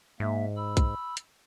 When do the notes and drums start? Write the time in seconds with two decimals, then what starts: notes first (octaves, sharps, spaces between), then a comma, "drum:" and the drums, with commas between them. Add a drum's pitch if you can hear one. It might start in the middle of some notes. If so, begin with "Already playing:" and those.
0.20 G#2 A#3 E5
0.57 B5 E6
0.77 drum: kick B1, hi-hat
1.17 drum: hi-hat